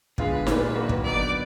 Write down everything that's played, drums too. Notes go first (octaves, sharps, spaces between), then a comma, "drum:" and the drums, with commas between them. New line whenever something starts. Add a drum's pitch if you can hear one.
D3 G#3 B3 F4 G#4 B4, drum: kick
A#2 G#3 D4, drum: snare D#4
D#3 F#3 A#3 D4 F#4
drum: kick
D3 F#3 B3 D#4 D5